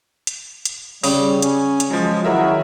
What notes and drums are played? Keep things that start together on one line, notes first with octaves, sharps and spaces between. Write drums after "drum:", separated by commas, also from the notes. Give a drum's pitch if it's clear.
drum: hi-hat
drum: hi-hat
C#3 G3, drum: open hi-hat
C#4, drum: hi-hat
drum: hi-hat
F3 F#3 G#3
D#3 F#3 E4 F#4 G#4 A#4 E5